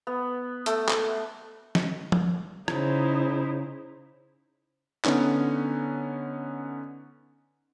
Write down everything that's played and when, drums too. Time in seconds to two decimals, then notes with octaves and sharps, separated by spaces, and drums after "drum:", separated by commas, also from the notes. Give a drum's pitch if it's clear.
0.07 B3
0.66 A3, drum: hi-hat
0.88 drum: clap
1.75 drum: snare
2.12 drum: tom F3
2.68 C#3 D#4 E4 C5, drum: rim click
5.05 D3 B3 C#4 D#4, drum: clap